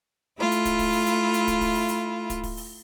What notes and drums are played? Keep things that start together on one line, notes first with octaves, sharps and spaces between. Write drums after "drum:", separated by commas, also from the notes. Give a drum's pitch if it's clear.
A3 E4 F4
drum: hi-hat
drum: kick, hi-hat
drum: kick, open hi-hat
drum: open hi-hat
drum: hi-hat
drum: hi-hat
drum: kick, hi-hat
drum: kick, open hi-hat
drum: open hi-hat
drum: hi-hat
drum: kick, hi-hat
drum: kick, open hi-hat
drum: open hi-hat